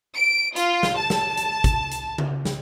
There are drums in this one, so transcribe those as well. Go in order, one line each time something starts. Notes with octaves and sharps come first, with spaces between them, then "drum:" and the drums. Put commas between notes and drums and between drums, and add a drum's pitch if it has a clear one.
D7
F4, drum: hi-hat
drum: snare
A5
drum: snare
drum: hi-hat
drum: kick, hi-hat
drum: hi-hat
drum: tom C#3
drum: snare